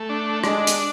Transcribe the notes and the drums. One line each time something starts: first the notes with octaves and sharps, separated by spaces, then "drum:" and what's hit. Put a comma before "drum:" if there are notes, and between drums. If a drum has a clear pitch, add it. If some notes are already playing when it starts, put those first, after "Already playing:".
Already playing: A3
D4
G#3 D4, drum: rim click
drum: hi-hat